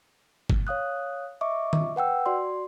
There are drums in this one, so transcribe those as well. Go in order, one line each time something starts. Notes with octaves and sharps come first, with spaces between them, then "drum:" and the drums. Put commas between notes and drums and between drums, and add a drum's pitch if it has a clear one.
drum: kick G1
C#5 F5 D#6 F#6
D#5 E5 C#6 D6
drum: tom
B4 F#5 G5 E6
F#4 D5 C6